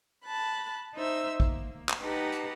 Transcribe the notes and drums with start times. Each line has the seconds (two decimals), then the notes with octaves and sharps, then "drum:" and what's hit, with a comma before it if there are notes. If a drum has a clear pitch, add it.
0.25 A5 B5 F#6
0.95 D#4 C5 E5 E6
1.40 A#3, drum: kick
1.89 drum: clap
2.01 D#4 G4 B4 F#5 A5 A#5
2.32 drum: hi-hat